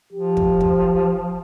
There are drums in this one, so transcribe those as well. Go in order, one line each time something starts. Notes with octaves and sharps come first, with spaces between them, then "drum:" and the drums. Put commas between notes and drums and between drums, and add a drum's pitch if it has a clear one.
F3 G4
drum: kick
drum: kick